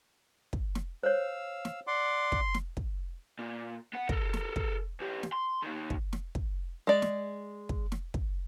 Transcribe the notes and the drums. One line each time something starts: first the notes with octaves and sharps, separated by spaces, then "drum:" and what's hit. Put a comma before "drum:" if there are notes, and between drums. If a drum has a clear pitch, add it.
drum: kick
drum: snare
C5 C#5 F5 E6
drum: snare
D5 F#5 C6 D6
drum: kick
drum: snare
drum: kick
A#2
B3 F#5
A4 A#4, drum: kick
drum: snare
drum: kick
E3 G4
drum: snare
C6
D#2 D#3
drum: kick
drum: snare
drum: kick
G#3 D5
drum: snare
drum: kick
drum: snare
drum: kick